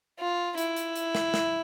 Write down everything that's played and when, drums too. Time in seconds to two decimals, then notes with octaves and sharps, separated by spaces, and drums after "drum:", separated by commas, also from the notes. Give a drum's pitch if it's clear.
0.19 F4
0.58 E4, drum: hi-hat
0.76 drum: hi-hat
0.96 drum: hi-hat
1.15 drum: snare
1.34 drum: snare